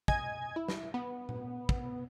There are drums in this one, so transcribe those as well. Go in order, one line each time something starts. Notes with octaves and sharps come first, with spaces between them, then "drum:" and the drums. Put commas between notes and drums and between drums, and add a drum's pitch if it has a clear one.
D#5 G#5 G#6, drum: kick
E4
drum: snare
B3
drum: tom A#2
drum: kick